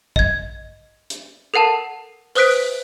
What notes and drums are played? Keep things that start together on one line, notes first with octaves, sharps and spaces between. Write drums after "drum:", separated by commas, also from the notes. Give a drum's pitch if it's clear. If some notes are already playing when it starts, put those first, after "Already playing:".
D#5 G#6, drum: kick
drum: hi-hat
A4 A#4 F#5 A5 E7
B4 C5 D#6 F#6 B6 D7, drum: open hi-hat
drum: open hi-hat